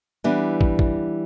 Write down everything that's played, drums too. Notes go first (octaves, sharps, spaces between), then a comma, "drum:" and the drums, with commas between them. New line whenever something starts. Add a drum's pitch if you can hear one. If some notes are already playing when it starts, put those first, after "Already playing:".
E3 G3 B3 D4
drum: kick
drum: kick